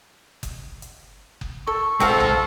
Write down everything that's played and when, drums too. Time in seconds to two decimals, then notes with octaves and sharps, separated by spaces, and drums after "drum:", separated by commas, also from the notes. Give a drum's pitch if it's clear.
0.43 drum: kick F#1, hi-hat
0.82 drum: hi-hat
1.41 drum: kick F#1
1.67 A4 C#6
2.00 G#3 C4 F#4 A4 C5 F5, drum: kick F#1, hi-hat
2.20 drum: tom B1